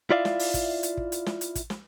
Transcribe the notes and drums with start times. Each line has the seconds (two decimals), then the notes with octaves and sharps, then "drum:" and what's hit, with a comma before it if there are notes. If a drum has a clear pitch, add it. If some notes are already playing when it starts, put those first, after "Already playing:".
0.10 E4 F4 D5 E5 F5
0.25 drum: snare
0.39 drum: open hi-hat
0.54 drum: kick, hi-hat
0.83 drum: hi-hat
0.97 drum: kick
1.12 drum: hi-hat
1.26 drum: snare
1.41 drum: hi-hat
1.55 drum: kick, hi-hat
1.70 drum: snare